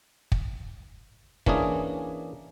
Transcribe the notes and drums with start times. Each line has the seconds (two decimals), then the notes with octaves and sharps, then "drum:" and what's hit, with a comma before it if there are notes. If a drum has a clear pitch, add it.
0.32 drum: kick
1.46 E3 A#3 C#4 D4 G#4, drum: kick